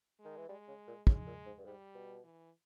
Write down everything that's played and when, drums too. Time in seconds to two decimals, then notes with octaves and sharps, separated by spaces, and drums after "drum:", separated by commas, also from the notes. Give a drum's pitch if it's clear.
0.19 G#3
0.25 D#3
0.37 E3
0.49 G3 G#3
0.68 C#3
0.87 A#2
1.07 C#3 G#3, drum: kick
1.27 A#2
1.46 G#2
1.58 G2
1.65 G#2 G3
1.95 B2
2.24 E3